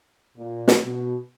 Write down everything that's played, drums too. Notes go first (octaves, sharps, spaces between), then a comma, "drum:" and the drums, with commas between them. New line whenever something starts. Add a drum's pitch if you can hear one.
A#2
drum: snare
B2